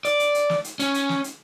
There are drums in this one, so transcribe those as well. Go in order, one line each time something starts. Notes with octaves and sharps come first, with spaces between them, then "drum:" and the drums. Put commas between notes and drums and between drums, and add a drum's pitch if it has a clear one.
D5, drum: hi-hat
drum: hi-hat
drum: hi-hat
drum: snare
drum: hi-hat
C#4, drum: hi-hat
drum: hi-hat
drum: snare
drum: hi-hat